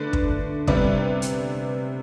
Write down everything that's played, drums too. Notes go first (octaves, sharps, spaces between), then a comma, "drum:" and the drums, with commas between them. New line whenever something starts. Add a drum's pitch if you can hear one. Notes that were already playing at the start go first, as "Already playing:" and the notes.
Already playing: D3 A3 D4 B4 D5
drum: kick
C3 G3 B3 B4 D5, drum: kick
drum: hi-hat